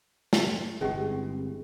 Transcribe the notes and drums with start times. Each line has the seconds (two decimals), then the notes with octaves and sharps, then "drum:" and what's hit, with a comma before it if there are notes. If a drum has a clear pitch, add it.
0.33 drum: snare
0.81 G1 E3 G#3 C4 C#4 G4